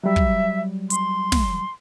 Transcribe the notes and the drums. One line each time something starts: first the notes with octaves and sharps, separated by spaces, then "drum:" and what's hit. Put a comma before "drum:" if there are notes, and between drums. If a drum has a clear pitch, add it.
F#3 G3 E5
drum: kick
C6, drum: hi-hat
drum: snare